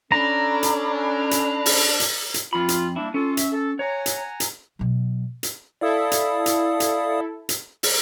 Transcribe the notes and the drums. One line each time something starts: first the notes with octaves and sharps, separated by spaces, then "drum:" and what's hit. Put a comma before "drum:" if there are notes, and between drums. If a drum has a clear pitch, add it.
C#4 D4 A4 A#5 B5
drum: hi-hat
drum: hi-hat
drum: open hi-hat
drum: hi-hat
drum: hi-hat
F2 F4 B5
drum: hi-hat
G3 A#3 D4 E4
C#4 F4 A4
E5, drum: hi-hat
A4
C#5 F#5 G#5 A#5
drum: hi-hat
drum: hi-hat
B2 F#3
drum: hi-hat
E4 A4 D5 F5 D#6
drum: hi-hat
drum: hi-hat
drum: hi-hat
drum: hi-hat
drum: open hi-hat